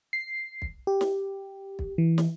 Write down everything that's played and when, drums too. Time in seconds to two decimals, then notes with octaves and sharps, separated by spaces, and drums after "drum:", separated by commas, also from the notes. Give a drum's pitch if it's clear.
0.13 C7
0.62 drum: kick
0.87 G4
1.01 drum: snare
1.79 drum: kick
1.98 E3
2.18 drum: snare